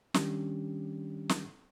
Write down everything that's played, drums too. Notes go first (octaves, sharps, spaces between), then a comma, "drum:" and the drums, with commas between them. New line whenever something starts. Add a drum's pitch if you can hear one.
D#3 G3 C#4 D4 G4, drum: snare
drum: snare